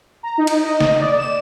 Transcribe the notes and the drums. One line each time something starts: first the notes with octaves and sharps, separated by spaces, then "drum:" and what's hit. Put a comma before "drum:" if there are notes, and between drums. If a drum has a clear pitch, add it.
A#5
D#4
drum: cymbal
D#5
drum: snare
D5
E7